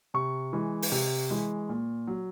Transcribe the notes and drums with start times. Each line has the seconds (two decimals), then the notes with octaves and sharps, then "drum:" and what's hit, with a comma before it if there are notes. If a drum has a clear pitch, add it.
0.14 C3 C#6
0.53 E3 G#3
0.82 drum: open hi-hat
0.92 C3
1.30 E3 G#3
1.69 A#2
2.07 F#3